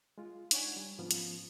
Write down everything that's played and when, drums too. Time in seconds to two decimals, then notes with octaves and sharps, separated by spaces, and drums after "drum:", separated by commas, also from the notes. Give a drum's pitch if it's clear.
0.18 G#3 F4
0.51 D4 D#4 C#5 F#5 G#5, drum: hi-hat
0.76 G3
0.99 G#2 F3 B3 C#4 F4
1.11 drum: hi-hat